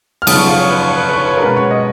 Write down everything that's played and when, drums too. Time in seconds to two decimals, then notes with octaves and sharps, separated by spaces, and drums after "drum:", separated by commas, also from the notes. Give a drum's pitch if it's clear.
0.22 F6
0.27 F#2 C#3 F3 B3 D#6, drum: cymbal
0.37 C#6
0.47 F5
0.56 C#5
0.70 B4
0.83 C#5
0.96 B4
1.09 B4
1.14 C#5
1.22 B4
1.27 C#5
1.37 A#4
1.41 B2 G#3 C#4 B4
1.56 C#5
1.71 D#5